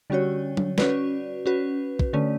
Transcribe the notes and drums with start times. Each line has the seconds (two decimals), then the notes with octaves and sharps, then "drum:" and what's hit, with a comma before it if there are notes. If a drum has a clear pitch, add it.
0.10 D3 G3 C#4 F#4 C#5
0.57 drum: tom F#3
0.78 C#4 F#4 B4 D5, drum: snare
1.46 C#4 F#4 B4
1.99 drum: kick
2.13 D3 A3 C#4